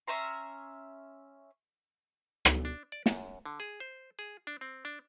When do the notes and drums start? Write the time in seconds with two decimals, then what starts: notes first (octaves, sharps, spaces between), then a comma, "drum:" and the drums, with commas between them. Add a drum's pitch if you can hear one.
0.07 C#4 E5 A#5 C6
2.45 drum: rim click
2.65 D4
2.92 D5
3.06 F#2, drum: snare
3.46 D3
3.60 G#4
3.80 C5
4.19 G#4
4.47 D4
4.61 C4
4.85 D4